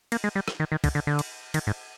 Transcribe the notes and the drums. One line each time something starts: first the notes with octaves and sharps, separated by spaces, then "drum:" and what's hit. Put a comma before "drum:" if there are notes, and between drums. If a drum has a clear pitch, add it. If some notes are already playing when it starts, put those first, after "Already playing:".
A#3, drum: cymbal
G#3
G3
drum: rim click
D#3
D#3
D3, drum: kick, cymbal
D3
D3
drum: cymbal
D#3, drum: cymbal
G#2